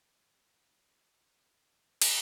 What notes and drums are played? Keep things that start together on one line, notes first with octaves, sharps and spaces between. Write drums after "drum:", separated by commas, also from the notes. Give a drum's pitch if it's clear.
C5 B5
drum: cymbal